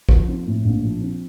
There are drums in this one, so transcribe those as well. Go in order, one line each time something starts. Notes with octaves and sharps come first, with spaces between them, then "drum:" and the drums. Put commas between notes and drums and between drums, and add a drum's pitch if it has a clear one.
F3, drum: kick
C4
A2
A#1
F3
C4